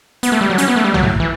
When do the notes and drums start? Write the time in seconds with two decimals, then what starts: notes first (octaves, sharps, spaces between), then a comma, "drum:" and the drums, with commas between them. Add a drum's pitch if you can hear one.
0.23 B3, drum: hi-hat
0.32 A3
0.41 G3
0.50 F#3
0.58 C#4, drum: hi-hat
0.68 B3
0.76 A3
0.84 G3
0.94 F#3, drum: tom B1
1.03 A2
1.20 E3